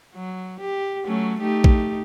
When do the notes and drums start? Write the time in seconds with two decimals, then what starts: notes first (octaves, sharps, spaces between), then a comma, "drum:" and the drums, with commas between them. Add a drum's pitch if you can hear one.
0.15 F#3
0.60 G4
1.05 F#3 A3 C#4
1.40 A3 D#4 G4
1.64 drum: kick